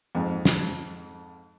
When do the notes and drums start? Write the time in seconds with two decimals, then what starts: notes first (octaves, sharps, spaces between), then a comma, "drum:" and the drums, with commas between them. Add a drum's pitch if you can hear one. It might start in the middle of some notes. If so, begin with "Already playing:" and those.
0.15 F2 G#2
0.45 drum: snare